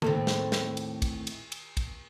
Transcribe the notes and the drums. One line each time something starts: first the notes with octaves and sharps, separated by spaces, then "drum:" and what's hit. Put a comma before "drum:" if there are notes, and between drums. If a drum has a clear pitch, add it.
D#2 A2 D#3 C4 A4, drum: tom C#3
drum: snare
drum: snare
drum: cymbal
drum: kick, cymbal
drum: cymbal
drum: cymbal
drum: kick, cymbal